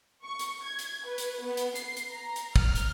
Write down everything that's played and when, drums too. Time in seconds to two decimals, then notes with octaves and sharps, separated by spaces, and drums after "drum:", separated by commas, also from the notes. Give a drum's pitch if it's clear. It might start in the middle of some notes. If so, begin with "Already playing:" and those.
0.24 C#6
0.39 drum: hi-hat
0.63 G#6
0.79 drum: hi-hat
1.05 B4
1.18 drum: hi-hat
1.42 B3
1.57 drum: hi-hat
1.75 C7, drum: hi-hat
1.97 drum: hi-hat
2.11 A#5
2.36 drum: hi-hat
2.56 F6, drum: kick
2.75 drum: hi-hat